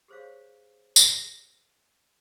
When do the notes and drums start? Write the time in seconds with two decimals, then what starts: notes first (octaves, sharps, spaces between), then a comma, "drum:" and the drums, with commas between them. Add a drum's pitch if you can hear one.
0.08 G4 G#4 C5 C#5 F5
0.96 drum: tambourine